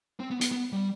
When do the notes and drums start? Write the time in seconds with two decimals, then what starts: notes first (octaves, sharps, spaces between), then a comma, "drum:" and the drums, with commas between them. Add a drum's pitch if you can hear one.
0.20 C4
0.30 B3
0.41 B3, drum: hi-hat
0.51 B3
0.72 G3